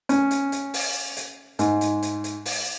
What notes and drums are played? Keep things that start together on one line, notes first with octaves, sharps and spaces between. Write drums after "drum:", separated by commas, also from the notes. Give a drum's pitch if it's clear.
C#4, drum: hi-hat
drum: hi-hat
drum: hi-hat
drum: open hi-hat
drum: hi-hat
G#2, drum: hi-hat
drum: hi-hat
drum: hi-hat
drum: hi-hat
drum: open hi-hat